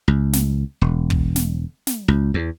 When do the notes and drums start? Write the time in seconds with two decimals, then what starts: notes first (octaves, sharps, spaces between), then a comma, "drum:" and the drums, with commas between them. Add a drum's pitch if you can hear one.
0.08 C#2
0.33 drum: snare
0.81 E1
1.10 drum: kick
1.36 drum: snare
1.87 drum: snare
2.08 C#2
2.34 E2